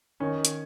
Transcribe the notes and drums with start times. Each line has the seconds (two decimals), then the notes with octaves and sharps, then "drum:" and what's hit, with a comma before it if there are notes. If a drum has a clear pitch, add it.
0.20 D#3 C#4
0.45 drum: hi-hat